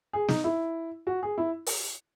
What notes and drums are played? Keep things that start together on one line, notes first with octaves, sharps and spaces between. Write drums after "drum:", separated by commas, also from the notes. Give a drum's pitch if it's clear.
G#4
D#4, drum: snare
E4
F#4
G#4
E4
drum: open hi-hat